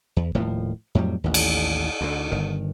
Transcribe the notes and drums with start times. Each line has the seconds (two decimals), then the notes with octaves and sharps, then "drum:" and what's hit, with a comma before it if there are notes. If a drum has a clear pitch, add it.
0.16 E2
0.35 D#1 A2 F3
0.95 F2 A2 F#3 G3
1.24 A1 D#2
1.34 drum: cymbal
2.01 D2 D3
2.31 G1 D#3